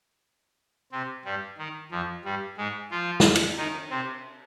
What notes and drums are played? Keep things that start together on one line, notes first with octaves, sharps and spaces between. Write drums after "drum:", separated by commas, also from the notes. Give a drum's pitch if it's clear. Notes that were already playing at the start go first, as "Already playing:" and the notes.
C3 C4
G2 G3
D#3
F2 F3
G2 G3
G#2 G#3
F3 F4
drum: snare
drum: cymbal
D#3 D#4
C3 C4